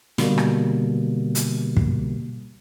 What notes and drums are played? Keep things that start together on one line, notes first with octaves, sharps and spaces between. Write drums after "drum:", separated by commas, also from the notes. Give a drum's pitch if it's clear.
B2 D3 G3 A#3, drum: snare
drum: rim click
drum: hi-hat
drum: kick